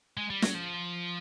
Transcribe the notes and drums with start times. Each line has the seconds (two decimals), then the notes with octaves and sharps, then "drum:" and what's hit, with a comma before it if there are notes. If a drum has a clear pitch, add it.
0.17 G#3
0.30 G3
0.42 F#3, drum: snare
0.54 F3